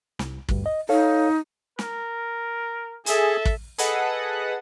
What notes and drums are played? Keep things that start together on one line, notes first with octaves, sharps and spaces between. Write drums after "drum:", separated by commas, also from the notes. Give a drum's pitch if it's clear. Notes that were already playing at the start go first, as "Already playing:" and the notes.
C2, drum: snare
D2 G2, drum: kick
D#5
D#4 A4 C#5 F5
A#4, drum: snare
G#4 A4 E5, drum: hi-hat
drum: kick
G#4 A4 B4 D#5 F#5, drum: hi-hat